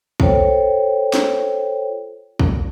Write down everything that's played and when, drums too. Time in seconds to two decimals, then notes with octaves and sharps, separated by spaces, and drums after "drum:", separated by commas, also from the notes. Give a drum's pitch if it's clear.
0.20 F4 A4 C5 C#5 G5, drum: kick
1.14 drum: snare
2.39 drum: kick